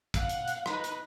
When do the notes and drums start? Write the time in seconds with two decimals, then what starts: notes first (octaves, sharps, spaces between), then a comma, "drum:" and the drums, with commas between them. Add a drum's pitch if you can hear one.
0.14 F5 F#5, drum: kick, hi-hat
0.29 drum: hi-hat
0.48 drum: hi-hat
0.66 D#4 B4, drum: rim click
0.84 drum: hi-hat